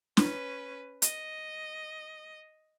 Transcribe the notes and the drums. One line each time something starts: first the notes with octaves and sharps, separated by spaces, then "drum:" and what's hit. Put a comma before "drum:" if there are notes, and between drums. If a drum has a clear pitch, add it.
C#4 B4, drum: snare
D#5, drum: hi-hat